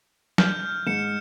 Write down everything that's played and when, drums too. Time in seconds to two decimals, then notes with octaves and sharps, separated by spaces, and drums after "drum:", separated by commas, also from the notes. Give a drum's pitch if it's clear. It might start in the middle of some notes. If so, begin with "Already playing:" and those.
0.38 F6 G6, drum: snare
0.87 G#2 C#7 E7